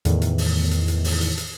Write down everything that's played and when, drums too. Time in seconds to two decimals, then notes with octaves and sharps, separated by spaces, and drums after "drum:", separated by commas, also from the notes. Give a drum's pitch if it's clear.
0.05 E2 A2 D#3, drum: hi-hat
0.22 drum: hi-hat
0.38 drum: open hi-hat
0.71 drum: hi-hat
0.88 drum: hi-hat
1.04 drum: open hi-hat
1.21 drum: hi-hat
1.37 drum: hi-hat